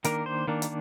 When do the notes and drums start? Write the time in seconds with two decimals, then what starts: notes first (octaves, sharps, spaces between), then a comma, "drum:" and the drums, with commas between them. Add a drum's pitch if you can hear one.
0.04 D#3 A#3 D4 A#4, drum: hi-hat
0.26 C5
0.47 D#3 A#3 D4
0.62 drum: hi-hat